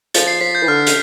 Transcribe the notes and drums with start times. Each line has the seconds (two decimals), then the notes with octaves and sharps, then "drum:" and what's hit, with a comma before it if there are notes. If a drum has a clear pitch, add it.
0.14 F3 A6, drum: hi-hat
0.27 C7
0.41 F3 B6
0.55 G6
0.63 E3
0.68 D3 F6
0.87 drum: hi-hat